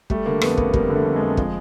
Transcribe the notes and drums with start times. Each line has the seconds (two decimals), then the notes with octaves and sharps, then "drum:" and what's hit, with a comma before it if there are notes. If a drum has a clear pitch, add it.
0.10 G3 A3, drum: kick
0.26 D3 A#3
0.41 F2 B3, drum: rim click
0.57 F2 A#3, drum: kick
0.74 G3 A#3, drum: kick
0.89 D3
0.95 A3
1.06 F2
1.16 F2 G#3
1.37 F3, drum: kick